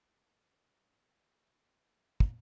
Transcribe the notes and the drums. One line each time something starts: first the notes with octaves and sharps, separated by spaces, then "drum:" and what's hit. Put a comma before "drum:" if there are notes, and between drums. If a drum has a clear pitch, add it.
F1
drum: kick